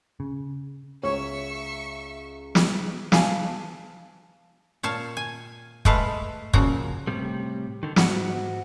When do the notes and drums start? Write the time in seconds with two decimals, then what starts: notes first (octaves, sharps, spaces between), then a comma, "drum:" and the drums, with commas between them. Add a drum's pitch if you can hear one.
0.20 C#3
1.04 C#2 C#5 E5 C#6
2.55 drum: snare
3.12 F5 G#5 A5, drum: snare
4.83 A#2 C#5 F5 A5
5.17 G#5
5.85 G#3 A3 A4 B4 F5, drum: kick
6.53 A#2 C#3 F3 F#4 A#5, drum: kick
7.07 A2 C3 G3
7.83 D3 D#3
7.96 G#2 F#4 A4 F#5, drum: snare